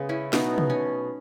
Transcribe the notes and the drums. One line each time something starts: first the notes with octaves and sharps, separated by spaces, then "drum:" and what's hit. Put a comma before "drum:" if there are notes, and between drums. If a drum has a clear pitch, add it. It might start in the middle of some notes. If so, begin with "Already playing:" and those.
Already playing: C#3 G#3 B3 G#4
C#4 E4
B2 F#3 A3 B3 D#4, drum: snare
drum: tom
C#4